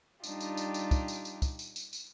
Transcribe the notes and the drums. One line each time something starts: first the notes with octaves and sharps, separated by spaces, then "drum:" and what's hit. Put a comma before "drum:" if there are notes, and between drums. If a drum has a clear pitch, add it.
G3 D4 D#4 F4 G4, drum: tambourine
drum: tambourine
drum: tambourine
drum: tambourine
drum: kick, tambourine
drum: tambourine
drum: tambourine
drum: kick, tambourine
drum: tambourine
drum: tambourine
drum: tambourine